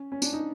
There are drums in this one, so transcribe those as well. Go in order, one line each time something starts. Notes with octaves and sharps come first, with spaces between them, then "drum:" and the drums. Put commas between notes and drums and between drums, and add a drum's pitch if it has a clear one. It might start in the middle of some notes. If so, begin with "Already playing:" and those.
Already playing: C#4
C#4
D4, drum: tambourine
D#4